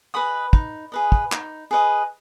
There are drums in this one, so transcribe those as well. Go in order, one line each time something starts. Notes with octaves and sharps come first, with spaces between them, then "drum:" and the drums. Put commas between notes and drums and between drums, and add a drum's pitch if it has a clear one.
G#4 B4 D#5 B5 D#6
D#4, drum: kick
G#4 B4 D#5
drum: kick
D#4, drum: clap
G#4 B4 D#5